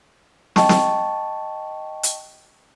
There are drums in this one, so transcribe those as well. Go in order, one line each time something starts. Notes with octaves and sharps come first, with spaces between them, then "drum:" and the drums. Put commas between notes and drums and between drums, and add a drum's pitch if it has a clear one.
D#5 G5 A5 C#6, drum: snare
drum: snare
drum: hi-hat